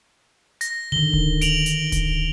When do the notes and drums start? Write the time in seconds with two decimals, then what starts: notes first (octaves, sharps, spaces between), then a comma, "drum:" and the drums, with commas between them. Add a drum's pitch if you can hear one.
0.61 A#6, drum: hi-hat
0.92 D3 D#3 G7
1.13 drum: kick D1
1.41 D7 F7 F#7, drum: hi-hat
1.66 drum: hi-hat
1.92 drum: kick D1, hi-hat